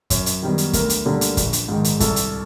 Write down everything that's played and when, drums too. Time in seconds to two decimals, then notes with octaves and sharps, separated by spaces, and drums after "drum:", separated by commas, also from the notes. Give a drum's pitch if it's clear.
0.10 F#2, drum: kick, hi-hat
0.26 drum: hi-hat
0.43 D#3 G3 B3
0.58 drum: hi-hat
0.73 D2 A#4, drum: kick, hi-hat
0.89 drum: hi-hat
1.06 D3 G3 A#3
1.21 drum: hi-hat
1.37 A#1, drum: kick, hi-hat
1.53 drum: hi-hat
1.69 G#2 D#3
1.84 drum: hi-hat
2.00 C2 A4, drum: kick, hi-hat
2.16 drum: hi-hat